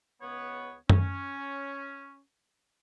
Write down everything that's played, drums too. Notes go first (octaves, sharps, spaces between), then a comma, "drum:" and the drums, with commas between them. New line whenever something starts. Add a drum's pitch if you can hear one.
C#2 B3 C#5
C#4, drum: tom F#2